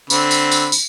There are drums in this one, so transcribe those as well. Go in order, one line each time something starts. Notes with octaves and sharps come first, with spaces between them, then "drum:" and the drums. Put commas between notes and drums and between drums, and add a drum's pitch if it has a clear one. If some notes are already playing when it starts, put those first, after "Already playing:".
D3 C4 B5, drum: tambourine
drum: tambourine
drum: tambourine
drum: tambourine